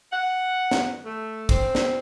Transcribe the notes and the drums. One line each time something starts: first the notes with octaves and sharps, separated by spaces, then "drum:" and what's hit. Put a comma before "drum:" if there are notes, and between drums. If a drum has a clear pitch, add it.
F#5
drum: snare
A3
C4, drum: kick, cymbal
drum: snare